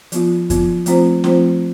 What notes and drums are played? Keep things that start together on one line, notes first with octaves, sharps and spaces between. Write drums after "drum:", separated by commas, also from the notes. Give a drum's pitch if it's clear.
F3 B3 F4, drum: hi-hat
F3 B3 F4, drum: kick F2, hi-hat
F3 A3 C4 F4 C5, drum: hi-hat
F3 A3 C4 F4 C5, drum: snare